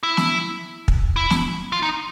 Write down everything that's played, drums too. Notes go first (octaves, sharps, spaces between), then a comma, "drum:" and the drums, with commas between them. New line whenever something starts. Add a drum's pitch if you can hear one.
E4
drum: snare
drum: kick
E4
drum: snare
F4
D#4